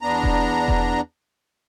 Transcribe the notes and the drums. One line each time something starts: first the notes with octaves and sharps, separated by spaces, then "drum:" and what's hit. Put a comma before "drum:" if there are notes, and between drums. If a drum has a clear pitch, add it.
E2 B3 D4 A#5
drum: kick E1
drum: kick E1